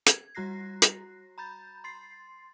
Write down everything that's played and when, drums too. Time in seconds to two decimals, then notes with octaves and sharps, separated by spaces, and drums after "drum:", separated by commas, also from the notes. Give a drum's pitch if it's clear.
0.06 G#6, drum: hi-hat
0.35 G3 F#4 A#5 F#6 A#6 C7
0.82 drum: hi-hat
1.38 A#5 B5 G6 A6
1.84 C6 A6 C7